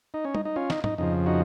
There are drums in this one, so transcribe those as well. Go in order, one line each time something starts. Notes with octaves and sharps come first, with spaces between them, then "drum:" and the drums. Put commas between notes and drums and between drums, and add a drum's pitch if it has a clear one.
D#4
C#4
D#4, drum: tom
D#4
C#4 F4
D#4, drum: snare
D#4, drum: tom G#2
F2 C#3 F3 D#4
D#4 F#4